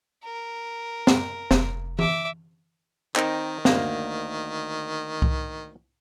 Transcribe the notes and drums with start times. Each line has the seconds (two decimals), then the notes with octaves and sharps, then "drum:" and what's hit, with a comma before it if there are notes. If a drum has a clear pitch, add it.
0.24 A#4
1.07 drum: snare
1.51 F1, drum: snare
1.99 E5 D6, drum: tom E3
3.16 D#3 C4 D#4 A#4, drum: clap
3.65 D2 A#3, drum: snare
5.22 drum: kick C2